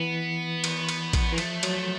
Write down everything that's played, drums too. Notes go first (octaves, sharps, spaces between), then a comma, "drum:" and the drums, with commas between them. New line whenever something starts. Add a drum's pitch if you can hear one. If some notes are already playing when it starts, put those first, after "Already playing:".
Already playing: E3 B3
drum: cymbal
drum: cymbal
drum: kick A#1, cymbal
E3 A#3
F3 A3, drum: cymbal
F#3, drum: cymbal